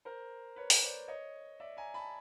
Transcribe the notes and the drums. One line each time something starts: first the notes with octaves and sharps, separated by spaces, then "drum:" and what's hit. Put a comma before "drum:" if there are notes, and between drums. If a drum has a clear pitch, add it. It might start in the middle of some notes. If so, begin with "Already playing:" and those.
A#4 C5
B4 C#5
drum: open hi-hat
C5 D5
C#5 D#5
D5 E5
G#5 A#5
A5 B5